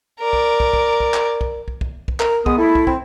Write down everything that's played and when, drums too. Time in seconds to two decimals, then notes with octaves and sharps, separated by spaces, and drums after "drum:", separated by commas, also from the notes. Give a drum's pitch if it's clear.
0.20 A#4 D5
0.33 drum: kick
0.60 drum: kick
0.73 drum: kick
1.00 drum: kick
1.14 drum: clap
1.41 drum: kick
1.68 drum: kick
1.81 drum: kick
2.08 drum: kick
2.20 A#4, drum: clap
2.46 G#3 B3 D#6, drum: kick
2.58 A3 E4
2.75 drum: kick
2.87 C4, drum: kick